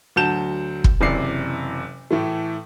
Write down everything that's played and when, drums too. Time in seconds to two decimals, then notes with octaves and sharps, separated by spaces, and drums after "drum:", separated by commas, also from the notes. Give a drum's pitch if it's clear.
0.16 D2 F#3 A5 G6 E7
0.84 drum: kick
1.01 F#1 C3 E3 D5 C7
2.11 A2 E3 A3